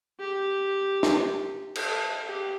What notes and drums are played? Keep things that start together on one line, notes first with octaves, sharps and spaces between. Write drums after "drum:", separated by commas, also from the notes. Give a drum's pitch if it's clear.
G4
drum: snare
A4, drum: cymbal
G4